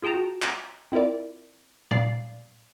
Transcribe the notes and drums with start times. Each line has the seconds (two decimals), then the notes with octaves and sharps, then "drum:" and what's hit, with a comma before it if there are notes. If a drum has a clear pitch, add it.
0.02 F4 G#4 G5 A5 A#5
0.14 F#4
0.42 drum: clap
0.92 C4 E4 F4 A#4 D5
1.91 D5 F5 C7, drum: tom